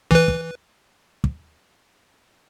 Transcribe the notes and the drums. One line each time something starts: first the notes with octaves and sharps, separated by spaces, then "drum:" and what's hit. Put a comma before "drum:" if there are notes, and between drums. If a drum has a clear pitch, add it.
E3 B4, drum: kick
drum: kick
drum: kick